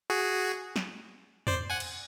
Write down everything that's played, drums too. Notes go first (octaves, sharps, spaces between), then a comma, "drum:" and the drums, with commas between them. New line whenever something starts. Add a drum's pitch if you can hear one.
F#4 G#4
drum: snare
C5 D5, drum: tom E2
F#5 G#5
drum: cymbal